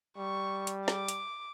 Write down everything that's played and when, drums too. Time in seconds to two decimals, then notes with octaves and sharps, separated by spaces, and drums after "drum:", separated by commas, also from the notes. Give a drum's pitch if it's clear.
0.18 G3 C#6
0.67 drum: hi-hat
0.88 D6, drum: snare
1.08 drum: hi-hat